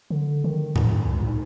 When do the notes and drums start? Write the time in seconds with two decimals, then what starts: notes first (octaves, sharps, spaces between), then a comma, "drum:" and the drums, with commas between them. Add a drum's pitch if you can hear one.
0.10 D3
0.44 D#3
0.76 D#2, drum: tom A2
0.90 G2
1.05 C#2
1.22 G#2